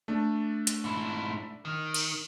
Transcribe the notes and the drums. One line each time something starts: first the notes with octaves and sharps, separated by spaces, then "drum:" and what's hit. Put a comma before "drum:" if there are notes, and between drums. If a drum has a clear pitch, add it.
A3 D4
drum: hi-hat
G#2 E4
D#3
drum: cymbal